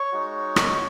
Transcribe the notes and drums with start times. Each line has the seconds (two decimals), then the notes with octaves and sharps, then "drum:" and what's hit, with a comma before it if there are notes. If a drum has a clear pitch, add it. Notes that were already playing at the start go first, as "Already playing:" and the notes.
Already playing: C#5 C#6
0.12 G#3 D#4 F#4
0.56 drum: rim click